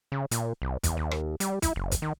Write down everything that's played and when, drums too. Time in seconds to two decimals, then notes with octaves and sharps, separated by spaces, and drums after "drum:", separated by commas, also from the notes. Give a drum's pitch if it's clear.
0.12 C#3
0.31 A#2, drum: hi-hat
0.62 C2
0.83 E2, drum: kick, hi-hat
0.97 D#2
1.11 drum: rim click
1.40 G3, drum: hi-hat
1.62 E4, drum: kick, hi-hat
1.76 F#1
1.91 drum: kick, hi-hat
2.02 D#3